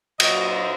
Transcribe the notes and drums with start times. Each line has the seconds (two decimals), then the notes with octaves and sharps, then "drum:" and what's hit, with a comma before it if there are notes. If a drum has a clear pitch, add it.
0.20 A#2 F#3 D#5, drum: cymbal